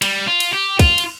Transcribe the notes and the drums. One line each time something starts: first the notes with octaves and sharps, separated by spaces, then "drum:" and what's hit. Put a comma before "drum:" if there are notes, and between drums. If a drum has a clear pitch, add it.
G3, drum: cymbal
F4
drum: cymbal
G4
F4, drum: kick, cymbal
drum: cymbal